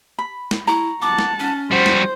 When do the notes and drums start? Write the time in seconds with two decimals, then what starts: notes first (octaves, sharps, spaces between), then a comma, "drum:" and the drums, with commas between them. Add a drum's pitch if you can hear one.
0.19 B5
0.51 drum: snare
0.67 E4 A#5 C#6
1.02 F#5 A5 D6
1.19 drum: snare
1.39 C#4
1.71 G3 F#4 C5
1.86 drum: snare